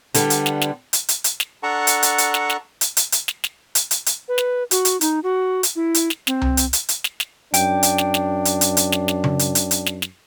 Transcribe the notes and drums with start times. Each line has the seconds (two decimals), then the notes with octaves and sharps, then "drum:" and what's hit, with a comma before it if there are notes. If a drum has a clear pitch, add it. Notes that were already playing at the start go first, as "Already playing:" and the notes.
0.14 D3 G3 B3, drum: hi-hat
0.30 drum: hi-hat
0.46 drum: snare
0.61 drum: snare
0.93 drum: hi-hat
1.09 drum: hi-hat
1.24 drum: hi-hat
1.40 drum: snare
1.63 D4 A4 F#5 A5 A#5 C#6
1.87 drum: hi-hat
2.03 drum: hi-hat
2.18 drum: hi-hat
2.34 drum: snare
2.50 drum: snare
2.81 drum: hi-hat
2.97 drum: hi-hat
3.12 drum: hi-hat
3.28 drum: snare
3.44 drum: snare
3.75 drum: hi-hat
3.91 drum: hi-hat
4.06 drum: hi-hat
4.28 B4
4.38 drum: snare
4.71 F#4, drum: hi-hat
4.85 drum: hi-hat
5.01 D#4, drum: hi-hat
5.23 F#4
5.63 drum: hi-hat
5.76 E4
5.94 drum: hi-hat
6.10 drum: snare
6.27 C4, drum: snare
6.42 drum: tom C2
6.57 drum: hi-hat
6.73 drum: hi-hat
6.89 drum: hi-hat
7.04 drum: snare
7.20 drum: snare
7.54 F#2 D4 G5, drum: hi-hat
7.83 drum: hi-hat
7.98 drum: snare
8.14 drum: snare
8.45 drum: hi-hat
8.61 drum: hi-hat
8.77 drum: hi-hat
8.92 drum: snare
9.08 drum: snare
9.24 drum: tom C#3
9.39 drum: hi-hat
9.55 drum: hi-hat
9.71 drum: hi-hat
9.86 drum: snare
10.02 drum: snare